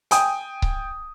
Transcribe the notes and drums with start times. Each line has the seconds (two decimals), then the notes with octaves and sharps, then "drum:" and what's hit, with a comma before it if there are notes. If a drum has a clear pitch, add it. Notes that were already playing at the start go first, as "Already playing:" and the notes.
0.11 G5 G#5 D#6, drum: hi-hat
0.62 drum: kick C#1